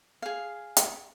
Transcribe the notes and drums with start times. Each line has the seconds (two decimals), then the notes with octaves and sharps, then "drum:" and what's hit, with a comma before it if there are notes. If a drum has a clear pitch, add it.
0.22 G#4 F5
0.77 drum: hi-hat